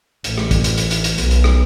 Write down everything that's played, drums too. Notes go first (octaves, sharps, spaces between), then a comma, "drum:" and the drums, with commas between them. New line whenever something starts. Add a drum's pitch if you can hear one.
A1, drum: hi-hat
drum: rim click
drum: kick, hi-hat
drum: hi-hat
drum: hi-hat
drum: hi-hat
drum: hi-hat
B1, drum: hi-hat
drum: hi-hat
drum: rim click